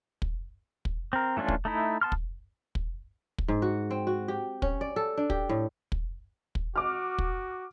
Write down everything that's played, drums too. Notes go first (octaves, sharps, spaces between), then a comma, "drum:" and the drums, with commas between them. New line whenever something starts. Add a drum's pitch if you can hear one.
drum: kick
drum: kick
C4 A#4
E3 A3 C#4 D4 F4
drum: kick
A3 D#4 E4
B3 A5 C6 F6
drum: kick
drum: kick
drum: kick
G#2
F#4
C4
F#4
G4
C#4, drum: kick
D5
A4
D4
G4, drum: kick
A2
drum: kick
drum: kick
F#4 D6 F6
drum: kick